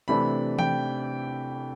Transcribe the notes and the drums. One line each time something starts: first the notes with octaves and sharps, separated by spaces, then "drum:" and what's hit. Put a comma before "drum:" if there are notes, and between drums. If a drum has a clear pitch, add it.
C3 E3 A3 D4 B5
G5, drum: tom E3